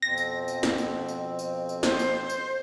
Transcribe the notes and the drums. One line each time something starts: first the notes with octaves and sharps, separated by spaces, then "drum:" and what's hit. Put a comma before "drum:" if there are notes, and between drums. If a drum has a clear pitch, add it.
F2 B2 C4 A#6
drum: tambourine
drum: tambourine
drum: snare
drum: tambourine
drum: tambourine
drum: tambourine
drum: tambourine
C5, drum: snare
drum: tambourine
drum: tambourine